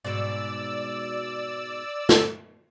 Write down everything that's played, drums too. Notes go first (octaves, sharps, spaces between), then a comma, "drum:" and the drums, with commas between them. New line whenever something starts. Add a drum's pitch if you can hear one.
G#2 B2 D5 E6
drum: snare